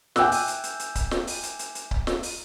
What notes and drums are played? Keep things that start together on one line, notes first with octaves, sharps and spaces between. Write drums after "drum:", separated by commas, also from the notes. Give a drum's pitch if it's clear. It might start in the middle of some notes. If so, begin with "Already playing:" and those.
E5 G5 G#5 D6 E6 F#6, drum: snare
drum: open hi-hat
drum: hi-hat
drum: hi-hat
drum: hi-hat
drum: kick C#1, hi-hat
drum: snare
drum: open hi-hat
drum: hi-hat
drum: hi-hat
drum: hi-hat
drum: kick C#1
drum: snare
drum: open hi-hat